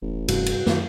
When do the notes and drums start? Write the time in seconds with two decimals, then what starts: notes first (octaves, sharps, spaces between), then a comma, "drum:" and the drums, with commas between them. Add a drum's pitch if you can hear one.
0.02 E1 A1
0.28 G2 C3 F#4, drum: cymbal
0.46 drum: cymbal
0.66 F#2 A2 D#3, drum: snare